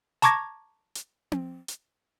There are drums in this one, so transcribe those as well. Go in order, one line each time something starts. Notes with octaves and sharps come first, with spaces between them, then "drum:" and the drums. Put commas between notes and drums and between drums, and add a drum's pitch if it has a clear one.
A5 A#5 C#6 D6 G#6 A#6, drum: hi-hat
drum: hi-hat
drum: tom C4
drum: hi-hat